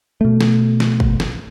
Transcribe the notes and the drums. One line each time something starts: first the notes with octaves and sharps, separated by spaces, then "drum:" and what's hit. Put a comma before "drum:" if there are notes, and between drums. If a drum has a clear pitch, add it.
B2 A3
drum: snare
drum: snare
drum: kick
drum: snare